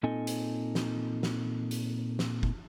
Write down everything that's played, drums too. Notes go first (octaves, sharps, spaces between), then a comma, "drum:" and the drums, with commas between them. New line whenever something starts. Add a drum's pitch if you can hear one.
A#2 C4 D#4 A4 D#5 G#5
drum: hi-hat
drum: snare
drum: snare
drum: hi-hat
drum: snare
drum: kick